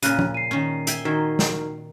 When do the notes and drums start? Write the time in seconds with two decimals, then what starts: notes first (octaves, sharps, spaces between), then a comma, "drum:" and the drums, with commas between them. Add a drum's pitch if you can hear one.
0.03 A#2 C#3 F6 F#6 D#7, drum: hi-hat
0.19 drum: tom
0.34 C7 D#7
0.51 D#3 C#4
0.87 E5 G5 G#5, drum: hi-hat
1.05 D#3 D#4 F#4 A#4
1.39 drum: snare